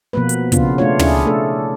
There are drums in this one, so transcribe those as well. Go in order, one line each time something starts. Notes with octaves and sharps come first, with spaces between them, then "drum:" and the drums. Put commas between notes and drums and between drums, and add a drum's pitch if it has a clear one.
B2 F3 A#3 B3 B4
drum: hi-hat
C#3 B3 D4 F4, drum: kick, hi-hat
A3 D4 F4 C#5
C#4 D4 E4 G#4, drum: tom
A3 D4 A4